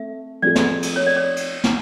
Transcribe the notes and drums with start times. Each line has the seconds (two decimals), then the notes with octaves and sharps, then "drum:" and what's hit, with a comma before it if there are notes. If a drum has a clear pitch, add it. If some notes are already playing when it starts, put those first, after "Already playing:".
Already playing: A3 C4 E5
0.42 F3 A3 C4 F4 G#4 D5
0.56 drum: snare
0.83 drum: cymbal
0.96 C#5
1.06 D5
1.17 C#5
1.37 drum: cymbal
1.64 drum: snare